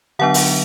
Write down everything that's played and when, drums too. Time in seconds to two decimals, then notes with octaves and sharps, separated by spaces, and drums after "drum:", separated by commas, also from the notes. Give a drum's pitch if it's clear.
0.19 D3 F#3 B3 D4 F#5
0.34 drum: open hi-hat